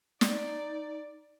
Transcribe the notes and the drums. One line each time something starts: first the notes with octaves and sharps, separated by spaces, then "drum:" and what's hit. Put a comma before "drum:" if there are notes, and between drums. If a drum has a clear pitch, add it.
D#4 D5, drum: snare